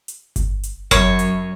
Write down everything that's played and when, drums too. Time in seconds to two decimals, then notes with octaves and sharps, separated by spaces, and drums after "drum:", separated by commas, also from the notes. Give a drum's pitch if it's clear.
0.08 drum: hi-hat
0.36 drum: kick G1, hi-hat
0.63 drum: hi-hat
0.91 F#2 C#5, drum: kick G1, hi-hat
1.19 drum: hi-hat